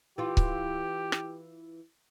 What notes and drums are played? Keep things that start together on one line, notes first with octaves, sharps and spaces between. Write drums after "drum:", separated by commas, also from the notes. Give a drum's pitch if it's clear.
E3 F4 G4
drum: kick C#1
drum: rim click